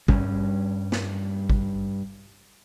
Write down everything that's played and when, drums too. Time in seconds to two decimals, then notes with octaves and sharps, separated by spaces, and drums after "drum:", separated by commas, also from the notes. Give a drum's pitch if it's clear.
0.08 G2 G3 C#4, drum: kick G#1
0.92 drum: snare
1.50 drum: kick G#1